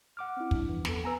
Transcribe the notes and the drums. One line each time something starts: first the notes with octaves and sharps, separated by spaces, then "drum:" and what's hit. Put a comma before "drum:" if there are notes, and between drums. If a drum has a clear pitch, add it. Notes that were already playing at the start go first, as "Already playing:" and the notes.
F#5 D6 F6
C4 E4
G3 D4 E4, drum: kick
E2 E3 F3
B3 A4, drum: snare
B3 B4 G#5 A#5 E6